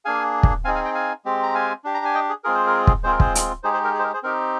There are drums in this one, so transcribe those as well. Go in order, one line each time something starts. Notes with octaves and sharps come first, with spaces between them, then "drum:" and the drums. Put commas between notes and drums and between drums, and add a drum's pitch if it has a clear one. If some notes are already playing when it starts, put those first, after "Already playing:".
A#3 D4 G#4 F5 G#5
drum: kick
C4 D#4 G#4 F5 G#5
F5 G#5
D#5 G5
F5 G#5
G#3 C4 G4
A#5
F5 G#5
D4 G4
A#5
G#5
D#5 G5
G#4
G#3 C4 F4 G#4 A#4
C5
A#4
drum: kick
G#3 C4 F4 G#4 C5
A#4
G#4 C5, drum: kick
drum: hi-hat
G#3 D#4 G4 G#4 C5
G#4 C5
A#4
G#4
C5
A#4
G#4 C5
C4 D#4 G4 A#4